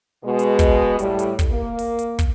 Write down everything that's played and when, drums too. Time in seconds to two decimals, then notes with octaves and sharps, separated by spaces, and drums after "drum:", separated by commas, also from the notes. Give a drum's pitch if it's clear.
0.24 B2 G#3
0.39 drum: hi-hat
0.59 drum: kick, hi-hat
0.99 A2 G3, drum: hi-hat
1.19 drum: hi-hat
1.39 drum: kick, hi-hat
1.52 A#3
1.79 drum: open hi-hat
1.99 drum: hi-hat
2.19 drum: kick, hi-hat